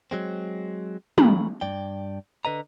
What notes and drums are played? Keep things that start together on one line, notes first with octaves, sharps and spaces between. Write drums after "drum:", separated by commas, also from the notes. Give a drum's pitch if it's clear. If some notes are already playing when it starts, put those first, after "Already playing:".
F#3 G#3 C4
E3 A3 A#5 B5, drum: tom
G2 D5 G5
D3 B4 D#5 A#5